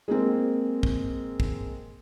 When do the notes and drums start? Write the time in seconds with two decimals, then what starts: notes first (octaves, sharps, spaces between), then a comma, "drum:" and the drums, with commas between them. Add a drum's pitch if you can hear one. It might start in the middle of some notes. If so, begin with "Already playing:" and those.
0.08 G#3 A#3 C4
0.83 drum: kick
1.40 drum: kick